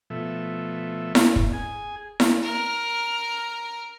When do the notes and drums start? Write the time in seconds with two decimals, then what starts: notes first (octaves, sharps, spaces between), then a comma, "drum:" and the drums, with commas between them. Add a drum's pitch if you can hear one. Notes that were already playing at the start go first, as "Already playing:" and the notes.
0.10 B2 F3 A3 E5
1.15 drum: snare E4
1.36 drum: kick
1.53 G#4 G#5
2.20 drum: snare E4
2.42 A#4 F6